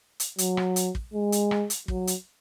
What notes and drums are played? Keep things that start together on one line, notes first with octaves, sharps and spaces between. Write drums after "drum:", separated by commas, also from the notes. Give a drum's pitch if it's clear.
drum: hi-hat
F#3, drum: hi-hat
drum: rim click
drum: hi-hat
drum: kick
G#3
drum: hi-hat
drum: rim click
drum: hi-hat
F#3, drum: kick
drum: hi-hat